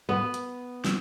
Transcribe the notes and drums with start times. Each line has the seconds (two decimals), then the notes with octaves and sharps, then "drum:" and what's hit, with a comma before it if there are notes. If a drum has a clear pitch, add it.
0.09 B3
0.34 drum: hi-hat
0.85 drum: snare